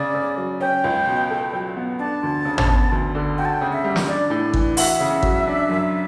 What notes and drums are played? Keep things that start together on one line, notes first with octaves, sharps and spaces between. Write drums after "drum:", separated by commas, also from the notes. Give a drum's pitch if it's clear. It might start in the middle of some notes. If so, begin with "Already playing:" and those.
Already playing: C#3 D5
C#3
F#3
C#4 G5
C#2
B2
A4
F#3
B3
D4 A5
D2
C#3
drum: tom
B3
D2
D3
F#4 G5
A5
G5
C#3
E5
G3
drum: snare
D4 D5
A2
E3, drum: kick
F#4 E5, drum: open hi-hat
C#3
F#3, drum: kick
D4
F#2